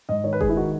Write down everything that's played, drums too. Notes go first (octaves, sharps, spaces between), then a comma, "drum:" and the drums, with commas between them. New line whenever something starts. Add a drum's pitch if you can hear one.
G#2 D#5
D#3 C#5
B4
G#3 G#4, drum: kick F#1
E4
D#3 F#4